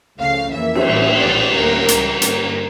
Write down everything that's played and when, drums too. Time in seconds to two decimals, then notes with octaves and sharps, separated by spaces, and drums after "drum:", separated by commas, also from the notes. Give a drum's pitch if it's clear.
0.20 C#2 C#3 F3 A3 F5
0.53 F2 E3 A#3 E5
0.75 drum: cymbal
0.87 A1 A2 E3 G3 A#3
1.21 A#1 A2 E3 G3 D5
1.55 D2 D3 G3 A#3 A#4
1.88 C#2 C#3 E3 G3, drum: hi-hat
2.22 G2 D3 G3 A#3 A#4, drum: hi-hat